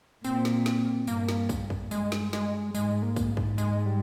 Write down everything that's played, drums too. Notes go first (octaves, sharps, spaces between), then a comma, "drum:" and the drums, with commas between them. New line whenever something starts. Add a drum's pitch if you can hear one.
A#2 C4, drum: tambourine
drum: snare
drum: snare
G2 A#3, drum: tambourine
drum: snare
drum: kick, tambourine
drum: kick
G2 G#3, drum: tambourine
drum: snare
G#3, drum: snare
G#2 G#3, drum: tambourine
A#3
G#2, drum: kick, tambourine
drum: kick
G#3, drum: tambourine
G3